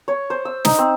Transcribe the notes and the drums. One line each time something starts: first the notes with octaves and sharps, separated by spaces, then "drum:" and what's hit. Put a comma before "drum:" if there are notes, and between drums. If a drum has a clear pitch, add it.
C#5
C5
E6
D#4, drum: snare
C4